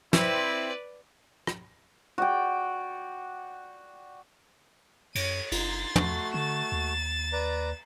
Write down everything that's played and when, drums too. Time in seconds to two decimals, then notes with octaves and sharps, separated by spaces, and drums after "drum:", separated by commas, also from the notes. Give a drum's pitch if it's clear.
0.13 C4 E4 B4 D5, drum: snare
1.47 drum: rim click
2.18 F#4 D5 G5
5.15 F#2 C#5 D#7, drum: cymbal
5.52 F#1 C6 A6, drum: cymbal
5.96 E2 A3 F#4, drum: tom
6.34 D3 A6 E7
6.72 D#2
7.33 B4 D5 A#5